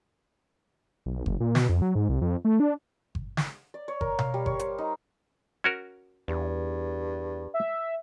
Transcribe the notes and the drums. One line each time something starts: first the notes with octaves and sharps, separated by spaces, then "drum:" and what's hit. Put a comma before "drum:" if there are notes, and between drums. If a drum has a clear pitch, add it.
B1
F#1, drum: kick G1
A#2
B2, drum: snare
F2
F#3
G#2
C2
F2
A3
D4
drum: kick G1
drum: snare
D5
C#5
A#4, drum: kick G1
F5, drum: tom B2
G3
C#5, drum: kick G1
C5, drum: hi-hat
D#4
C#4 F#4 A#4
E2 G2
E5